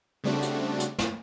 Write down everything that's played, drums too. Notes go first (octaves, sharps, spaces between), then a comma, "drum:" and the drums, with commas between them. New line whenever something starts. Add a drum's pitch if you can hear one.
C#3 G3 A3 C4 D4 F#4
drum: hi-hat
drum: hi-hat
drum: snare